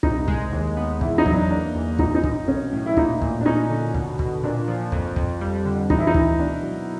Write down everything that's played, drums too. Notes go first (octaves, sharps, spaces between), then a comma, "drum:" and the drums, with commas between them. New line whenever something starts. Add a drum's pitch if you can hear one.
C2 D#4, drum: kick
G#3, drum: kick
D#2
B3
E2 E4, drum: kick
D#4
F#3, drum: kick
D4
A#3 D4
E2
F#2 D#4, drum: kick
D#4
F#2, drum: kick
B1 C#4
A2
E4
A#2 D#4, drum: kick
A#2, drum: kick
D4
C#4 D#4
D3
B2, drum: kick
B2, drum: kick
A#2 D4
F3
F2, drum: kick
F2, drum: kick
G3
D3
E3 D#4, drum: kick
E4
D#4
D2, drum: kick
B2 D4
F#3